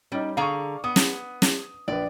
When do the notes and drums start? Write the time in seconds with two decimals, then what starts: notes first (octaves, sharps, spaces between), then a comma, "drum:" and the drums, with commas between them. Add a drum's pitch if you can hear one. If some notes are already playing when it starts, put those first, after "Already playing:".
0.12 G3 C#4 D#4
0.37 D3 G#4 F5 A#5 C#6
0.84 B3 D#6
0.96 drum: snare
1.42 drum: snare
1.88 A#1 B4 D5